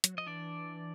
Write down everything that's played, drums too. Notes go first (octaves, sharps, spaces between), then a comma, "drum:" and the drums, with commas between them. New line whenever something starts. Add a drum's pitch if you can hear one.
F#3, drum: hi-hat
F3 D#5
E3 D4 D5